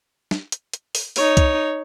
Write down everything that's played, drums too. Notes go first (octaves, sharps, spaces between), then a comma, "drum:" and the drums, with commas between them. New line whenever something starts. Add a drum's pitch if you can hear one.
drum: snare
drum: hi-hat
drum: hi-hat
drum: open hi-hat
D#4 C#5, drum: open hi-hat
drum: kick C2, hi-hat